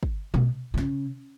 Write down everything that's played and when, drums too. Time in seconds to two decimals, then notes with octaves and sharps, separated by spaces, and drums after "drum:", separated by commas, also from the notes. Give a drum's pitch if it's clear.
0.03 drum: kick
0.34 B2, drum: tom G#3
0.74 B2
0.78 C#3, drum: snare